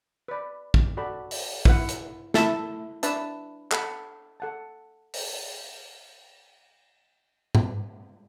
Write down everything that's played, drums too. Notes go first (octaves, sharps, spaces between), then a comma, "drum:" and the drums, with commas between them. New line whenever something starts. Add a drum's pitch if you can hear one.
B4 D5 B5
drum: kick
F#4 A4 D5 B5
drum: open hi-hat
E4 B4 F#5, drum: kick
drum: hi-hat
E4 A4 E5 A5, drum: snare
D4 B4 E5 A5, drum: hi-hat
A4 F#5 B5, drum: clap
A4 F#5 A5
drum: open hi-hat
drum: tom G#2